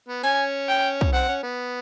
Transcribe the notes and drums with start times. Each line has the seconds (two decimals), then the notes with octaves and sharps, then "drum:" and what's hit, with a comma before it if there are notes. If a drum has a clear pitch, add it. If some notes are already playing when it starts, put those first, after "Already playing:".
0.09 B3
0.23 C#4 G#5, drum: tambourine
0.69 G5
1.01 drum: kick
1.13 C4 F#5
1.28 C#4
1.43 B3